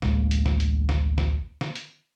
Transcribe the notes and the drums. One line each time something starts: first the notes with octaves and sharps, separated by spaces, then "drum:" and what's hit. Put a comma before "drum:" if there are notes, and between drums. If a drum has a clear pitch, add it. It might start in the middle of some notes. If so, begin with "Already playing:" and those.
A1 D2 G#3 A#3, drum: snare
drum: hi-hat
drum: snare
drum: hi-hat
drum: snare
drum: snare
drum: snare
drum: hi-hat